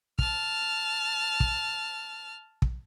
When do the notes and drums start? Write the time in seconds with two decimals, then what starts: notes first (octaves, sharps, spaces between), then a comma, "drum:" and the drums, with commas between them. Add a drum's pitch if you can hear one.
0.19 A5 F6, drum: kick
1.40 drum: kick
2.62 drum: kick